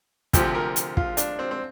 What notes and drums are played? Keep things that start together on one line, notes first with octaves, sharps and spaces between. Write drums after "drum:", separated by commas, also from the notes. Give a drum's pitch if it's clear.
D2 C3 F3 G4, drum: kick, hi-hat
A#4
drum: hi-hat
F4, drum: kick
D4, drum: hi-hat
C4
C4